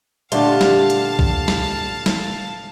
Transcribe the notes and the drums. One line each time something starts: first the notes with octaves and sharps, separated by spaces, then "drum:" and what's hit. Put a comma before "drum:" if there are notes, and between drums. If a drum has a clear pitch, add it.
A#2 D3 A3 F4 G4 F5 A5, drum: hi-hat
drum: snare
drum: hi-hat
drum: kick
drum: snare
drum: snare